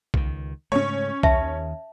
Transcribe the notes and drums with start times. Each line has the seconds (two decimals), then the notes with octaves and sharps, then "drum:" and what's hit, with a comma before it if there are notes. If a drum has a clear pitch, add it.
0.14 C#2 D#3, drum: kick B1
0.72 G#2 C#3 A3 C#4 C#5
1.23 D#2 D#3 E5 A5, drum: kick B1